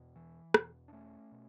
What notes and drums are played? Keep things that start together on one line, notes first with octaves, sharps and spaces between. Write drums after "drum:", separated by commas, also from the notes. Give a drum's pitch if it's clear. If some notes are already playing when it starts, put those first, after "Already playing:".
Already playing: E2 B2
E3
E2 B2, drum: rim click
D4
A3 C#4
B2